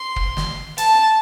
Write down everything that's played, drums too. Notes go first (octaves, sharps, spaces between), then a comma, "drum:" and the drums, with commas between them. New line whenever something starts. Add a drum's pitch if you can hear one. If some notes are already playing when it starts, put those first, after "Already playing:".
Already playing: C6
drum: kick
drum: snare
A5, drum: hi-hat